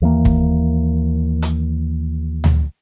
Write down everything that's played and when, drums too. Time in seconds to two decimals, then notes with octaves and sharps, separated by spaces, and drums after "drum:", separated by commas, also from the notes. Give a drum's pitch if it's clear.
0.02 D#2 E3 G3 A#3
0.25 drum: kick
1.42 drum: hi-hat
2.44 drum: tom D2